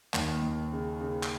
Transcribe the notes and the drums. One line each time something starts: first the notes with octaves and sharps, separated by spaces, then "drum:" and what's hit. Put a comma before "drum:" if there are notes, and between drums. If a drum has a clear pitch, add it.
D#2, drum: clap
D#2
C#3
C#3
drum: clap